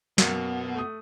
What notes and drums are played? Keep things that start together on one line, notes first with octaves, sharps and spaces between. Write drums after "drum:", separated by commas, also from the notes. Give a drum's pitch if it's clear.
F#2 B2 A#3, drum: snare
A3 D#6